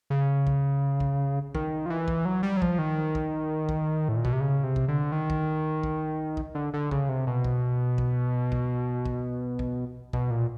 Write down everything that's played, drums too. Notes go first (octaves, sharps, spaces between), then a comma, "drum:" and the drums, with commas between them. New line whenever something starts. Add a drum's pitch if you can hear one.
C#3
drum: kick
drum: kick
D#3, drum: kick
F3
E3
drum: kick
F#3
G3
F#3
F3, drum: kick
D#3
drum: kick
drum: kick
A2
A#2
B2, drum: kick
C3
C#3
C3
drum: kick
D3
D#3
drum: kick
drum: kick
drum: kick
D3
D3
C#3, drum: kick
C3
B2
drum: kick
drum: kick
drum: kick
drum: kick
drum: kick
B2, drum: kick
A#2